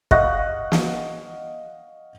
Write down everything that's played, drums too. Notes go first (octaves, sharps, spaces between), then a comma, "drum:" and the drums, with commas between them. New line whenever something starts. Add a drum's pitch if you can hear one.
D#5 F5 F#5 C#6 F#6 A#6, drum: kick
drum: snare